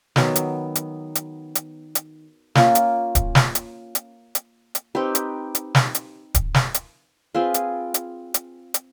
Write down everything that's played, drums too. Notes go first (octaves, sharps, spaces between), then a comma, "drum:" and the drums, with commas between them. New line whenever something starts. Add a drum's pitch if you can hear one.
D#3 F#3 B3, drum: snare
drum: hi-hat
drum: hi-hat
drum: hi-hat
drum: hi-hat
drum: hi-hat
A#3 C#4 F4, drum: snare
drum: hi-hat
drum: kick D1, hi-hat
drum: snare
drum: hi-hat
drum: hi-hat
drum: hi-hat
drum: hi-hat
C4 D#4 G4 B4
drum: hi-hat
drum: hi-hat
drum: snare
drum: hi-hat
drum: kick D1, hi-hat
drum: snare
drum: hi-hat
C4 F4 G#4 B4
drum: hi-hat
drum: hi-hat
drum: hi-hat
drum: hi-hat